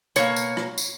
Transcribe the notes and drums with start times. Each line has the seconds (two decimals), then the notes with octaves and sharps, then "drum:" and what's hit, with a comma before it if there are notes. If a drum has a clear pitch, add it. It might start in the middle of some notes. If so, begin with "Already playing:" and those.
0.16 B2 A#3 C#5, drum: tambourine
0.36 drum: tambourine
0.57 drum: rim click
0.78 drum: tambourine